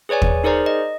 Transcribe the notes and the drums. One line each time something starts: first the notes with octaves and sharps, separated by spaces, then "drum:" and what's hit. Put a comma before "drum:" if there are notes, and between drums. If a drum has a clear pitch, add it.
G#4 B4 C#5 D5 G#5
drum: kick
D#4 G#4 A#4 C5 D5 A#5
D#5